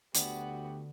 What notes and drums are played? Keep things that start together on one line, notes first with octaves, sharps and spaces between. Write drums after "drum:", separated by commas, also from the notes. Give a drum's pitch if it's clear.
D2 D3 B3 F#4 G4, drum: hi-hat